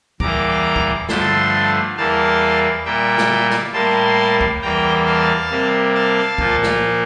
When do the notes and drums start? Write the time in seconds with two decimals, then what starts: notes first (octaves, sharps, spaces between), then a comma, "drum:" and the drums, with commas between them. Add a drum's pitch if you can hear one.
0.20 E2 E3 G3 A#3 A#5 D6, drum: kick C#2
0.76 drum: kick C#2
1.09 G2 D3 F3 A3 A5 C6, drum: snare
1.97 E2 E3 G3 A#3 F5 A5
2.85 A#2 G3 A#3 E5 G5
3.18 drum: snare
3.50 drum: snare
3.73 A2 G3 A#3 A5 C6
4.41 drum: kick C#2
4.62 E2 E3 G3 A#3 G5 A#5
5.06 F5 A5
5.50 C3 G3 A#3
5.94 F5 A5
6.38 A#2 F3 A#3, drum: kick C#2
6.63 drum: snare